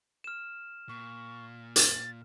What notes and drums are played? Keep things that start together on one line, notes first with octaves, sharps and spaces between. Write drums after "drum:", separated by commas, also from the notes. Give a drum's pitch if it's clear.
F6 E7
A#2 C#6
A6, drum: hi-hat